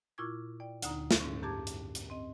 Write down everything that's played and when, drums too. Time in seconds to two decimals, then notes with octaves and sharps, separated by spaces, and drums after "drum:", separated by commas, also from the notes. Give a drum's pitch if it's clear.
0.18 A#2 E4 F4 C#6 D6 G#6
0.60 D5 G5
0.82 D2 D3 D#4 A#5, drum: hi-hat
1.11 drum: snare
1.20 G#2 C#4
1.43 F#2 G4 A5 D6 G#6
1.67 drum: hi-hat
1.95 drum: hi-hat
2.10 C4 D#5